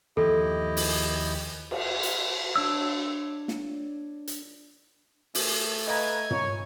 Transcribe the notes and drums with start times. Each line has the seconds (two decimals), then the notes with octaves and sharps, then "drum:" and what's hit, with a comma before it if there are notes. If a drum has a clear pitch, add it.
0.17 D#2 F3 E4 G4 A4 D#5
0.77 drum: open hi-hat
1.71 drum: cymbal
2.03 drum: hi-hat
2.56 D4 C#5 E6
3.48 drum: snare
4.28 drum: hi-hat
5.35 A3, drum: open hi-hat
5.87 B4 D#5 F5 G#5 A#5
6.31 C#5, drum: tom